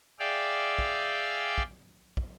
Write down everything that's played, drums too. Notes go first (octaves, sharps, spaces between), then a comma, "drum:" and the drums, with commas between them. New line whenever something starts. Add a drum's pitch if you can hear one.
G#4 D5 E5 F5 G5
drum: kick
drum: kick
drum: kick